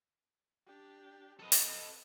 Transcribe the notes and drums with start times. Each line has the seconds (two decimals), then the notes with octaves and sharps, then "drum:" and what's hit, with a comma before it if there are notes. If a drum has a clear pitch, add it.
0.67 D4 G4
1.39 C4 A4 B4 D#5
1.52 drum: open hi-hat